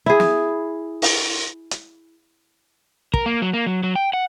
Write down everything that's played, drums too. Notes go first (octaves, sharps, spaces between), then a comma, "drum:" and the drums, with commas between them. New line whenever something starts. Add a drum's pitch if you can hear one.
E4 G#4
drum: snare
drum: open hi-hat
drum: hi-hat
A#4, drum: kick
A#3
F#3
A#3
F#3
F#3
G5
F#5